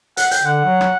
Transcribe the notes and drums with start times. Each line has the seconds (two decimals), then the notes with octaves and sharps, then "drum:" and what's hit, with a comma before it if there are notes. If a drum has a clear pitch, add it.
0.17 F#5, drum: hi-hat
0.31 G5, drum: hi-hat
0.41 D3 F#5
0.65 F#3
0.81 drum: rim click